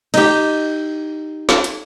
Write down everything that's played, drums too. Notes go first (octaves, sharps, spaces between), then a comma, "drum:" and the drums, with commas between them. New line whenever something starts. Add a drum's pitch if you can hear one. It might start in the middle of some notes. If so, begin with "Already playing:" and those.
D#4 G4, drum: cymbal
drum: snare
drum: hi-hat